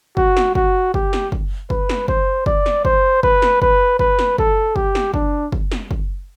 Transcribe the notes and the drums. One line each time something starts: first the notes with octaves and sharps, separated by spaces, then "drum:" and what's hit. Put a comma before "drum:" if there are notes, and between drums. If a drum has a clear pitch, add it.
F#4, drum: kick
drum: snare
F#4, drum: kick
G4, drum: kick
drum: snare
drum: kick
B4, drum: kick
drum: snare
C5, drum: kick
D5, drum: kick
drum: snare
C5, drum: kick
B4, drum: kick
drum: snare
B4, drum: kick
B4, drum: kick
drum: snare
A4, drum: kick
G4, drum: kick
drum: snare
D4, drum: kick
drum: kick
drum: snare
drum: kick